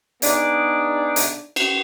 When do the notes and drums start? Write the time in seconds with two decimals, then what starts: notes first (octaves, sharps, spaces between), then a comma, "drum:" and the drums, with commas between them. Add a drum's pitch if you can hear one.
0.22 B3 D4 D#4 G#4, drum: hi-hat
1.16 drum: hi-hat
1.56 drum: cymbal